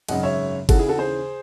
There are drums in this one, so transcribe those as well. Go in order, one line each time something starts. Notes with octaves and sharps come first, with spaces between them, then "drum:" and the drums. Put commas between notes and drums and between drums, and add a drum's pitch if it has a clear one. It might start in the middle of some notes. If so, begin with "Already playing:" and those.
G#1 F#2 C#3 D#5 F#5, drum: cymbal
C#5 E5
D#2 C#3 E3 F#4 A4, drum: kick G1, cymbal
E4 G#4
F#4 A4
G#4 C5